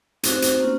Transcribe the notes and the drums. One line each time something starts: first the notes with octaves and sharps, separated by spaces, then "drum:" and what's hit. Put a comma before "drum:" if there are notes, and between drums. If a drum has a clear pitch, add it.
A3 C4 D#4 F#4 C5, drum: hi-hat
drum: hi-hat
A#3 C#4 F4